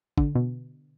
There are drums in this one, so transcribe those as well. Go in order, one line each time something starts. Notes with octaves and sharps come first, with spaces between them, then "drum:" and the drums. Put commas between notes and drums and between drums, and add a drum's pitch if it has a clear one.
D3, drum: kick
B2